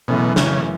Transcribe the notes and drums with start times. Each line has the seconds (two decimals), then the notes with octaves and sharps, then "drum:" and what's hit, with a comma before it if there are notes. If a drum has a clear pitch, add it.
0.08 F#1 F#2 B2 E3 A3 C#4
0.36 C#3, drum: snare